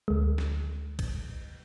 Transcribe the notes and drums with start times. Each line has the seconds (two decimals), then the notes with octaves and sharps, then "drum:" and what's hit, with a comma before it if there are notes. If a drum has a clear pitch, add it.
0.08 D2 G#3
0.38 drum: snare
0.99 drum: kick, cymbal